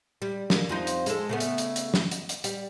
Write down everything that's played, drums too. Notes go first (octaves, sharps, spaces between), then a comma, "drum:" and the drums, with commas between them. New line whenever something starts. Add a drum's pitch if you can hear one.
G3
A#3, drum: snare
F2 F3 D#4
drum: hi-hat
G#3 A4, drum: hi-hat
C#3 A3 B3
drum: hi-hat
drum: hi-hat
drum: hi-hat
drum: snare
drum: hi-hat
drum: hi-hat
G3, drum: hi-hat